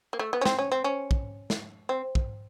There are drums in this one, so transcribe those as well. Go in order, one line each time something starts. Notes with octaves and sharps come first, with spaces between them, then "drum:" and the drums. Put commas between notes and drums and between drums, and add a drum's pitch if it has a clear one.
A#3
A3
B3
C#4
C4, drum: snare
C#4
C4
C#4
drum: kick
drum: snare
C4
drum: kick